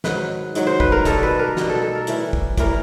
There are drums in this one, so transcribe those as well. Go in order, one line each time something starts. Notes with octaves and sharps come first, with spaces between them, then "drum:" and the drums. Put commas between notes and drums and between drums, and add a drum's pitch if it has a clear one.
G#2 D#3 F#3 B4, drum: snare
G#2 D#3 F#3, drum: hi-hat
C5
B4, drum: kick
A#4
B2 G3 A4, drum: kick, hi-hat
B4
A#4
B2 G3, drum: snare
A4
A4
A#4
A2 E3 G3, drum: hi-hat
drum: kick
A2 E3 G3 A#4, drum: kick, hi-hat